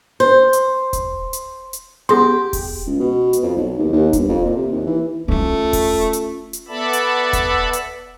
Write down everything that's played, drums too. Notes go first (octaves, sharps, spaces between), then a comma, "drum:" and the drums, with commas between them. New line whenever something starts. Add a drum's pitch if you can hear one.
C5
drum: hi-hat
drum: kick E1, hi-hat
drum: hi-hat
drum: hi-hat
B3 G4 G#4 C6
drum: kick E1, open hi-hat
C#2
B2
drum: hi-hat
F2
B1
D#2
D#2
G1, drum: kick E1, hi-hat
F2
A#2
C3
D#2
E3
A3 C#4 F4
drum: kick E1, open hi-hat
drum: hi-hat
drum: hi-hat
B3 A4 D5 E5 A5 B5
drum: hi-hat
drum: kick E1, hi-hat
drum: hi-hat